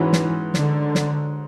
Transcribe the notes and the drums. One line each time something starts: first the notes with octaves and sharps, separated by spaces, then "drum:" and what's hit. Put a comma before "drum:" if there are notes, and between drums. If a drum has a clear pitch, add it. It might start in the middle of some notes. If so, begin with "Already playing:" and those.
Already playing: G#2 E3 G#3 C#4 F#4
drum: snare
D3, drum: snare
drum: snare